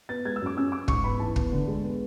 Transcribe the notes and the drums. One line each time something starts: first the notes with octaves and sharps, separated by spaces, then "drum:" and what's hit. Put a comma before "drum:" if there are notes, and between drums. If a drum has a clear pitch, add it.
B3 A6
G#3 G#6
E6
F#2 D6
C#4 E6
C#4 D6
G#2 C#6, drum: kick
B3 B5
E3 A5
B3, drum: kick
D3
G#3
B3